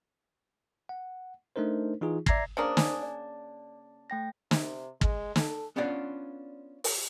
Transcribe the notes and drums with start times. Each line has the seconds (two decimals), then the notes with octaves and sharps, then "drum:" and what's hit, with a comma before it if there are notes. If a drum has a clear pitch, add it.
0.89 F#5
1.56 A3 D4 D#4 A#4 C5
2.01 E3 D#4 F4 G#4
2.26 D5 E5 A#5 G#6 A#6 C7, drum: kick
2.57 C#3 A#3 D4 C5 D#6
2.77 G#5, drum: snare
3.03 D5
4.10 A3 G5 A#6
4.51 C3, drum: snare
5.01 G#3, drum: kick
5.36 A4, drum: snare
5.76 B3 C#4 D4 F4 D5 F#5
6.84 drum: open hi-hat